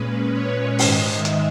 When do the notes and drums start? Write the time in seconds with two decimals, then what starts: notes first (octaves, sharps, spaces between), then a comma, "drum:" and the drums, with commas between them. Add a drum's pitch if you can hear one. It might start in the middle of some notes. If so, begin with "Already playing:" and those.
Already playing: A#2 G#3 C#4 B4
0.32 C#5
0.79 G#2 D#3 G#3 D#5, drum: open hi-hat
1.10 E5
1.25 drum: hi-hat